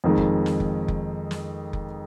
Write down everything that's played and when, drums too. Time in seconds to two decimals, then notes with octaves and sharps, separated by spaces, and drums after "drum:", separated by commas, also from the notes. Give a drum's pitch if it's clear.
0.04 F2 D#3 G#3
0.18 drum: kick F1
0.46 drum: snare
0.60 drum: kick F1
0.88 drum: kick F1
1.31 drum: snare
1.73 drum: kick F1